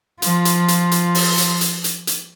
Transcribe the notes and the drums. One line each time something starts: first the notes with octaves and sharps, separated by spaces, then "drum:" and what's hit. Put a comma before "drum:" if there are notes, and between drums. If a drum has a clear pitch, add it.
F3 F4, drum: hi-hat
drum: hi-hat
drum: hi-hat
drum: hi-hat
drum: open hi-hat
drum: hi-hat
drum: hi-hat
drum: hi-hat
drum: hi-hat